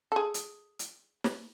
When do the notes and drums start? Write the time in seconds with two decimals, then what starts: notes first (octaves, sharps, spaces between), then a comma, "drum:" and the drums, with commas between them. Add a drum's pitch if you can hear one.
0.12 G#4 A4
0.34 drum: hi-hat
0.79 drum: hi-hat
1.24 drum: snare